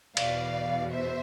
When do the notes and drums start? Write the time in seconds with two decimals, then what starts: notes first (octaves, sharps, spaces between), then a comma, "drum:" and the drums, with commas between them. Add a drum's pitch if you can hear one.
0.17 E2 B2 D5 F5, drum: cymbal
0.91 C5 E5